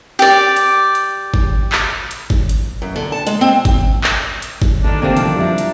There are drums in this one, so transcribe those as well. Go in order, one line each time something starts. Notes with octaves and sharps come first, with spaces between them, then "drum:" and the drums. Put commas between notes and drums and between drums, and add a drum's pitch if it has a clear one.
G4 D5
drum: hi-hat
drum: hi-hat
drum: kick G1
drum: clap
drum: hi-hat
drum: kick G1
drum: hi-hat
F#2
D3
A5
G#3, drum: hi-hat
C4
drum: kick G1, hi-hat
drum: clap
drum: hi-hat
drum: kick G1
D3 D#3 D4
C3 A#3 C4 D4
F3, drum: hi-hat
G3 E4 A#4
drum: hi-hat